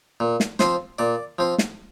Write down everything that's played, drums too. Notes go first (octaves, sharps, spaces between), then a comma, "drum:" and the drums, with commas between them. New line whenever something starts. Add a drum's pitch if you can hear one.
A#2
drum: snare
F3 C4 C5, drum: snare
A#2 D5
F3 C4
drum: snare